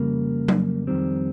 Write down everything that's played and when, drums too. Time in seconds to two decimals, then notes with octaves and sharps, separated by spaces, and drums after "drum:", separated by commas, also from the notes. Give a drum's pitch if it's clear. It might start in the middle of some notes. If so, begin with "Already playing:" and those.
Already playing: F2 C#3 G3 A#3
0.48 drum: tom F#3
0.87 F2 D#3 G3 C4